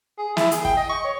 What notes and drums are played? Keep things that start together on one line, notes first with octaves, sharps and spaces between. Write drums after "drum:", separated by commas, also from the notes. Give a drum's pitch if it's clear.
G#4
E4, drum: snare
G#4, drum: hi-hat
G5, drum: kick
D#5
C#6
C#5